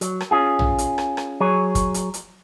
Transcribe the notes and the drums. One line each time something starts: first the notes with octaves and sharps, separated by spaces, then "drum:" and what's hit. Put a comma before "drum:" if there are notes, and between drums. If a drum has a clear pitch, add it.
F#3, drum: hi-hat
drum: rim click
C#4 F4 G#4
drum: tom A#1
drum: hi-hat
drum: rim click
drum: rim click
F#3 G#4 C#5
drum: kick, hi-hat
drum: hi-hat
drum: hi-hat